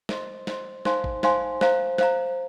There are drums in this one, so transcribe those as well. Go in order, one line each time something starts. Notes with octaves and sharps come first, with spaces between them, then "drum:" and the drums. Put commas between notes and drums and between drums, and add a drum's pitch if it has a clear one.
C5 D#5 C6, drum: snare
C5 D#5 C6, drum: snare
D#4 C5 F5 G#5 C6, drum: snare
drum: kick A1
D#4 C5 F5 G#5 C6, drum: snare
C5 F5 A#5, drum: snare
C5 F5 A#5, drum: snare